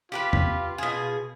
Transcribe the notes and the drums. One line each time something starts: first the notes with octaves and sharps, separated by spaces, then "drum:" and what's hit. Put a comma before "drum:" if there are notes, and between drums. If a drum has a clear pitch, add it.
F4 G4 A#4 B4
drum: tom E2
B2 G#4